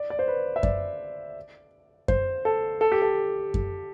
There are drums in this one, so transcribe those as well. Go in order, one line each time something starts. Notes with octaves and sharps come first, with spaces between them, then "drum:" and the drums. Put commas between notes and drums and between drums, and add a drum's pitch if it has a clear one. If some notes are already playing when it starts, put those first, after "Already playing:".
Already playing: D5
D5
C5
B4
E5
D5, drum: kick F#2
C5, drum: kick F#2
A4
A4
G4
A4
drum: kick F#2